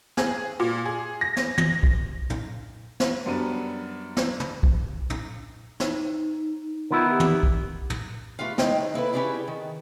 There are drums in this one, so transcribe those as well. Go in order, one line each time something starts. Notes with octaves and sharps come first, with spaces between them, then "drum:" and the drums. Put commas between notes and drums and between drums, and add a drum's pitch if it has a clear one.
G#4, drum: snare
A#2
G#4
A#6
drum: snare
A#6, drum: tom
drum: kick
drum: tom
drum: snare
F#2 G3 B3 D4 D#7
drum: snare
drum: tom
drum: kick
drum: tom
D#4, drum: snare
D#3 B3 E4 F4
G4
drum: tom
drum: kick
drum: tom
A3 F4 G4 B4 F5
A2 G#3 D#4 G5 A#5, drum: snare
F#2 D#3
A#3 E4 A4 B4
C#4 E4 G4 G#4 B4 D5
D#3